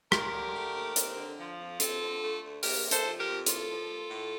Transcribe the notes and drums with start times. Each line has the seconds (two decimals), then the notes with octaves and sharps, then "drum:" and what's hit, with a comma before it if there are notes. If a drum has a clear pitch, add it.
0.12 D#2 G4 A#4, drum: rim click
0.33 D3
0.55 A3
0.76 D#2
0.96 C4, drum: hi-hat
1.17 D3
1.38 F3
1.59 F2
1.80 C4 F4 A4, drum: hi-hat
2.01 D3
2.22 A3
2.43 D2
2.63 A#3 G4 A#4, drum: open hi-hat
2.84 C3
2.91 A4 C5, drum: hi-hat
3.05 F3
3.19 G4 A#4
3.26 F2
3.46 A2 F4 A4, drum: hi-hat
3.69 F3
3.89 A#3
4.10 A2